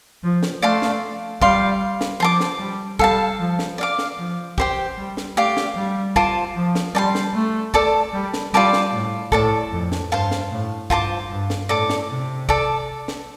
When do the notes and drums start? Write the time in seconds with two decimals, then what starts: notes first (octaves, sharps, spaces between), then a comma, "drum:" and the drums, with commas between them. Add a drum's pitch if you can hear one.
0.23 F3
0.43 drum: snare
0.62 A3 D5 F5 A5 C6
0.82 drum: snare
1.41 G3 F4 D5 F5 C6, drum: kick
2.01 drum: snare
2.20 F3 C5 A5 D6
2.40 drum: snare
2.60 G3
2.99 G3 A4 F5 A5, drum: kick
3.40 F3
3.59 drum: snare
3.78 D5
3.81 F5 D6
3.99 drum: snare
4.18 F3
4.58 G4 C5 G5, drum: kick
4.98 G3
5.17 drum: snare
5.36 A3 G4 D5 F5 D6
5.57 drum: snare
5.76 G3
6.16 F4 C5 A5 D6, drum: kick
6.56 F3
6.75 drum: snare
6.95 G3 D5 A5 C6
7.15 drum: snare
7.34 A3
7.74 A4 D5 A5, drum: kick
8.14 G3
8.34 drum: snare
8.53 G3 F4 D5 A5 D6
8.73 drum: snare
8.93 A2
9.32 A2 A4 D5 A5, drum: kick
9.72 F2
9.92 drum: snare
10.12 G2 C5 F5 A5
10.31 drum: snare
10.52 A2
10.90 G2 F4 C5 A5 D6, drum: kick
11.31 G2
11.50 drum: snare
11.69 A2 A4 D5 A5 D6
11.90 drum: snare
12.10 C3
12.49 A4 D5 A5 D6, drum: kick
13.08 drum: snare